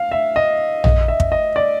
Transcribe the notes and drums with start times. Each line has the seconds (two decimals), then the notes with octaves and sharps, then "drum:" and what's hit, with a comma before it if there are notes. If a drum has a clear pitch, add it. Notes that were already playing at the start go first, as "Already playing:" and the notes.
Already playing: F5
0.12 E5
0.36 D#5
0.84 D#5, drum: tom A#1
1.08 E5
1.20 drum: kick
1.32 D#5
1.56 D5